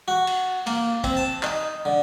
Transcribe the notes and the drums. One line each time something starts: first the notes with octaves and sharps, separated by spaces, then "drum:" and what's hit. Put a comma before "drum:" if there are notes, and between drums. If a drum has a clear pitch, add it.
F#4
drum: cymbal
A#3, drum: cymbal
C4, drum: kick, cymbal
A5
D#4, drum: clap
D3